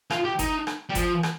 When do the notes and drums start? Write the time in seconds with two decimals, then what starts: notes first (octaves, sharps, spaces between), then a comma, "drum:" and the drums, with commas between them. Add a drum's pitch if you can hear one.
0.11 F4, drum: rim click
0.25 G4
0.39 D#4, drum: kick G1, hi-hat
0.67 drum: rim click
0.90 G3
0.95 F3, drum: kick G1, hi-hat
1.23 drum: rim click